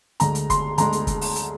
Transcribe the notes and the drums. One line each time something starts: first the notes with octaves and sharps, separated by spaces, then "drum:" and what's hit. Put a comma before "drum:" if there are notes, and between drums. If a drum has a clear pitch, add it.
D2 D3 G#3 A#5, drum: hi-hat
drum: hi-hat
C6, drum: kick, hi-hat
D2 D3 G#3 A#5, drum: hi-hat
drum: hi-hat
drum: kick, hi-hat
drum: open hi-hat
drum: hi-hat